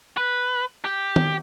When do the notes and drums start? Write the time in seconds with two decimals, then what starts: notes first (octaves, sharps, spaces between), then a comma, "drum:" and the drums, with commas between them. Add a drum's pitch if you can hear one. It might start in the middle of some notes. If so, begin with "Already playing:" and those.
0.17 B4
0.85 G4
1.16 drum: tom D#3